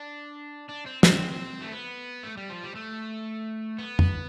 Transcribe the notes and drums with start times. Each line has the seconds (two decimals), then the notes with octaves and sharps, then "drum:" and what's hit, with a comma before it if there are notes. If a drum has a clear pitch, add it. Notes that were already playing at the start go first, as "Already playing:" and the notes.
Already playing: D4
0.69 D4
0.86 C4
1.03 C4, drum: snare
1.62 A3
1.72 B3
2.24 A3
2.37 G3
2.50 F3
2.63 G3
2.75 A3
3.79 B3
3.99 drum: tom F2